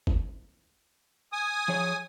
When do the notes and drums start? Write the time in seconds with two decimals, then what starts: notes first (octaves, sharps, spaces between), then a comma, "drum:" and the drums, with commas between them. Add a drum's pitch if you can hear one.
0.07 drum: kick
1.33 G#5 D#6
1.68 F3 G#4 C#5